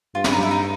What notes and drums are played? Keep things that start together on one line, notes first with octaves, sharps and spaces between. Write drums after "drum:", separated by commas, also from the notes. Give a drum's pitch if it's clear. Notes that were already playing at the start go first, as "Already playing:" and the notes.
G2 F4
E4, drum: snare
D#4
E4
D#4